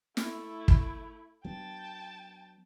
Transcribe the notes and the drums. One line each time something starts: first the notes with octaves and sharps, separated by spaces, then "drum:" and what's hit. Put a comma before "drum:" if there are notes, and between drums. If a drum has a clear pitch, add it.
A3 E4, drum: snare
drum: kick
F#3 B3 D4 G5 A5